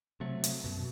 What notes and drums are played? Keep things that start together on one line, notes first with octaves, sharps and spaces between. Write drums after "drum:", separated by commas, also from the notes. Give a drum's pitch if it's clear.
C3 F#3 A3
drum: hi-hat
F#2 B2